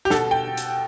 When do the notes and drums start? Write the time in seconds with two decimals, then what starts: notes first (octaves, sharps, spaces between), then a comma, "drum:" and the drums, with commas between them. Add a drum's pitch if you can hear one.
0.05 G4
0.10 B2 A4, drum: snare
0.31 G5
0.57 drum: hi-hat